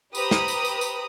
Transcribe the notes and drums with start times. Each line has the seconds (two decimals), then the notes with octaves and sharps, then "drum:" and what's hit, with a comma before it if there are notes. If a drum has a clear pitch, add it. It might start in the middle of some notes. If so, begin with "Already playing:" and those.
0.15 G4 B4 C5 A#5 B5 D#6, drum: tambourine
0.31 drum: snare
0.48 drum: tambourine
0.65 drum: tambourine
0.81 drum: tambourine